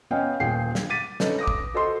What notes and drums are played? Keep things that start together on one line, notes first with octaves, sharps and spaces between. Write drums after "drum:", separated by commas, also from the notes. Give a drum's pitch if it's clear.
B3 C#4 D#5 F5 G5 G#5
D#1 A#2 G#4 G5 C7
drum: snare
D6 A6 B6 D#7
C#4 D#4 A4 B4, drum: snare
D6 D#6 A#6
drum: kick
F#4 A4 C5 D#5 C6